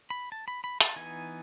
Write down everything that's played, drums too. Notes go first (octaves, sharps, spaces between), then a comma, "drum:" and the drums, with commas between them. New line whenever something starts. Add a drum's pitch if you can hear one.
B5
A5
B5
B5
A5, drum: hi-hat
E3 B3 D#4 G#5